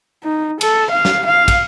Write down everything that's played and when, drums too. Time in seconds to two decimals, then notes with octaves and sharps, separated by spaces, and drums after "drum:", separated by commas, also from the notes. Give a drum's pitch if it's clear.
0.24 D#4
0.61 A4, drum: cymbal
0.91 F5
1.05 drum: snare
1.26 F5
1.48 drum: kick, cymbal